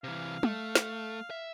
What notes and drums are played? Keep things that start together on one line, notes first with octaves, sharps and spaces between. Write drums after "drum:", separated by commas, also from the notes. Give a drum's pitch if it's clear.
C3 E3 F5
A3, drum: tom
drum: snare
E5